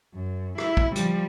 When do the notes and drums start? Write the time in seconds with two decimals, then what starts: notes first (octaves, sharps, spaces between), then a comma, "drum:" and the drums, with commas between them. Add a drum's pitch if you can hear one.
0.14 F#2
0.58 E4, drum: rim click
0.77 drum: kick
0.96 F3 G3, drum: hi-hat